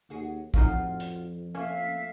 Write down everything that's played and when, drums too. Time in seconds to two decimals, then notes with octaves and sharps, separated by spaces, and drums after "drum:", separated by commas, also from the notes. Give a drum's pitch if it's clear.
0.10 D#2 F#4 G#4
0.54 A#1 F2 A2 D#4 F4 F#4 G#4, drum: kick A#1
1.00 drum: hi-hat
1.55 A3 A#3 C#4 E5 F5